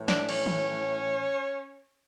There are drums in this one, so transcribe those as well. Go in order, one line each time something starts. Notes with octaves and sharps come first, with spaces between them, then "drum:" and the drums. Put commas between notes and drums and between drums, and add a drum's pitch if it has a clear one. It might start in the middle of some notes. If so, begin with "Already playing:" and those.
Already playing: A2 E3
D4 D5, drum: snare
C#4 C#5, drum: cymbal
drum: tom D#3